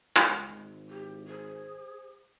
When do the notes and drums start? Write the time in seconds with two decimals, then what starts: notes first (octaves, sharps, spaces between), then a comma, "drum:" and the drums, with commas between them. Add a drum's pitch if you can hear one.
0.16 C#2 G#3, drum: clap
0.48 G#1
0.89 E4 G4
1.27 G#4 C5